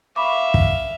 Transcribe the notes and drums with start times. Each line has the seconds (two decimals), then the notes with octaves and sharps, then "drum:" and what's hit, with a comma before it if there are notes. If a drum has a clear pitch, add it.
0.16 E5 F5 B5 C#6 D6
0.54 drum: kick